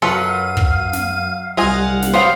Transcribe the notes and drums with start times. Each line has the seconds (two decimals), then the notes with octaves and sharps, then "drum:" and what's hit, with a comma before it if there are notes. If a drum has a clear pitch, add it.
0.02 F#2 F#3 F4 A4 B4 F5 D#7
0.57 drum: kick
0.93 drum: snare
1.57 C2 G3 F4 D#5 F5 F#5 G#5
2.02 drum: snare
2.14 F#3 B3 C5 F5